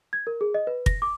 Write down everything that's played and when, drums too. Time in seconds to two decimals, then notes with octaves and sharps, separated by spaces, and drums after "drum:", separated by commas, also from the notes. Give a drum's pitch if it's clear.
0.13 G#6
0.27 A#4
0.41 G#4
0.54 D#5
0.67 B4
0.86 A#6, drum: kick
1.02 D6